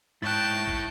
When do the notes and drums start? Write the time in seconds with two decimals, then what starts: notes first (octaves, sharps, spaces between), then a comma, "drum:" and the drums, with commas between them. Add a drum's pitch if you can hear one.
0.22 G#2 E4 C#5 G5 A5 F#6 A6
0.67 drum: kick